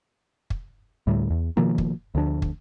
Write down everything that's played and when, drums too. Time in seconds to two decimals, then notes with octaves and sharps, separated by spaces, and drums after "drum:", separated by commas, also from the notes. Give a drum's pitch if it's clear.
0.50 drum: kick
1.07 D2 A2 G3
1.30 E2
1.57 B2 D#3 F3 A#3
1.78 drum: kick
2.15 D2 F3 D4
2.42 drum: kick